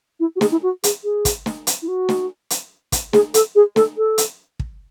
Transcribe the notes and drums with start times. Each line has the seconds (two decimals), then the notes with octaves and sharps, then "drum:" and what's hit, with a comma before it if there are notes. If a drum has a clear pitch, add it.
0.20 E4
0.36 F#4
0.41 G#4, drum: snare
0.52 E4
0.63 F#4
0.84 G#4, drum: hi-hat
1.04 G#4
1.25 drum: kick, hi-hat
1.46 drum: snare
1.67 drum: hi-hat
1.82 E4
1.88 F#4
2.09 drum: snare
2.50 drum: hi-hat
2.92 drum: kick, hi-hat
3.13 G#4, drum: snare
3.34 A4, drum: hi-hat
3.55 G#4
3.76 A4, drum: snare
3.97 A4
4.18 drum: hi-hat
4.59 drum: kick